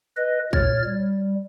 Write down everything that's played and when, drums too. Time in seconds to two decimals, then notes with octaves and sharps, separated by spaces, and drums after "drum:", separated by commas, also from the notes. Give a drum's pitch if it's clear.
0.17 B4 D#5
0.53 A#2 C#5 F6 A6, drum: kick
0.85 G3